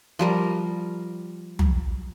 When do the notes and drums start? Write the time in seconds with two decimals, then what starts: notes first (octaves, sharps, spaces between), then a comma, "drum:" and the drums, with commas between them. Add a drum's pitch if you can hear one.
0.19 F3 G3 A#4
1.59 drum: tom